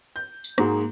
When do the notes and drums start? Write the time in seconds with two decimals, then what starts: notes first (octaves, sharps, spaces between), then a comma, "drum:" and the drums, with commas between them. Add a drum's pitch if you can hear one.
0.16 G6
0.44 drum: tambourine
0.58 G#2 G#3 A#3 F#4, drum: rim click